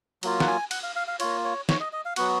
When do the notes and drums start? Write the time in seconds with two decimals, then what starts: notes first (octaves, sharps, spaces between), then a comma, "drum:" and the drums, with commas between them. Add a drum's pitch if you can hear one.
0.23 F#3 A#3 F4, drum: cymbal
0.40 F#5, drum: snare
0.47 G#5
0.71 F#5, drum: cymbal
0.83 F5
0.96 F5
1.08 F5
1.20 A#3 F4 C#5, drum: cymbal
1.44 C#5
1.69 C#5, drum: snare
1.80 D#5
1.93 D#5
2.05 F5
2.16 F#3 B3 F#4 F#5, drum: cymbal